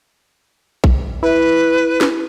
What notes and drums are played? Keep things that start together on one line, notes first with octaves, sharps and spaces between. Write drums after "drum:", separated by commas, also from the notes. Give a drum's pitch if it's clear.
drum: kick A#1
E4 B4
drum: snare